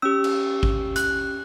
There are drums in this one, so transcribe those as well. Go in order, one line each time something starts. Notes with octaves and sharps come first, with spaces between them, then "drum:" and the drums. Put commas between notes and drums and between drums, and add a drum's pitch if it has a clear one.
C#4 G4 E6
drum: cymbal
drum: kick A1
F#6, drum: hi-hat